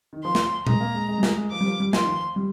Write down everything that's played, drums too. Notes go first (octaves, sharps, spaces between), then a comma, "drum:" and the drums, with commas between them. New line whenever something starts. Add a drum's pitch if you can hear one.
D#3
F3 C6
drum: snare
G#3 A#5, drum: tom A#2
A#3
G#3
G#3
G3
G#3, drum: snare
G#3
F3 D6
G3
F3
G3
F3 C6, drum: snare
D#3
F3
G3